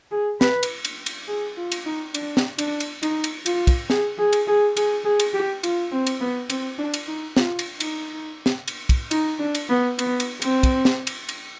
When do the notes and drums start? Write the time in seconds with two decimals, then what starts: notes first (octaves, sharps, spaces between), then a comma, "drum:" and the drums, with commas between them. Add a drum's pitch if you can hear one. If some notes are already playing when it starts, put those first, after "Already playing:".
0.12 G#4
0.41 B4, drum: snare
0.63 drum: cymbal
0.85 drum: cymbal
1.06 drum: cymbal
1.28 G#4
1.57 F4
1.72 drum: cymbal
1.86 D#4
2.14 D4, drum: cymbal
2.37 drum: snare
2.59 D4, drum: cymbal
2.80 drum: cymbal
3.03 D#4, drum: cymbal
3.24 drum: cymbal
3.46 F4, drum: cymbal
3.67 drum: kick, cymbal
3.90 G#4, drum: snare
4.18 G#4
4.33 drum: cymbal
4.48 G#4
4.77 G#4, drum: cymbal
5.04 G#4
5.20 drum: cymbal
5.34 G4
5.63 F4, drum: cymbal
5.92 C4
6.07 drum: cymbal
6.21 B3
6.50 C4, drum: cymbal
6.78 D4
6.94 drum: cymbal
7.08 D#4
7.37 F4, drum: snare
7.59 drum: cymbal
7.80 D#4, drum: cymbal
8.46 drum: snare
8.68 drum: cymbal
8.89 drum: kick, cymbal
9.11 D#4, drum: cymbal
9.40 D4
9.55 drum: cymbal
9.70 B3
9.99 B3, drum: cymbal
10.20 drum: cymbal
10.42 C4, drum: cymbal
10.63 drum: kick, cymbal
10.85 drum: snare
11.07 drum: cymbal
11.29 drum: cymbal